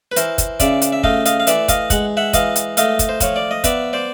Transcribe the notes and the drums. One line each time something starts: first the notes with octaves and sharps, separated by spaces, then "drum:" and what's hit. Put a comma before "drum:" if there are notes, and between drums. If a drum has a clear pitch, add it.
B4
E3 A#4 C5, drum: hi-hat
drum: kick, hi-hat
C#3 D5 E5, drum: kick, hi-hat
drum: hi-hat
E5
A3 D#5 F5, drum: kick
D#5 F5, drum: hi-hat
F5
E3 D5 E5, drum: hi-hat
D#5 F5, drum: kick, hi-hat
G#3 F#5, drum: kick, hi-hat
E5 F#5
E3 D#5 F5, drum: kick, hi-hat
drum: hi-hat
A3 D#5 F5, drum: hi-hat
drum: kick, hi-hat
C5
F3 C#5, drum: kick, hi-hat
D5
D#5
B3 D5 E5, drum: kick, hi-hat
C5 D5